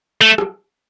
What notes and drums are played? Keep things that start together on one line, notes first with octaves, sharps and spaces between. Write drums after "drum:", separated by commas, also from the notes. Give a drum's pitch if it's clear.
A3
drum: rim click